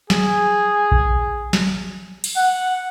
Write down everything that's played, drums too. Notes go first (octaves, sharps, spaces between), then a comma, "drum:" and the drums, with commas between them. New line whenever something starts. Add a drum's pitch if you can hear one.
G#4, drum: snare
drum: kick A#1
drum: snare
drum: cymbal
F#5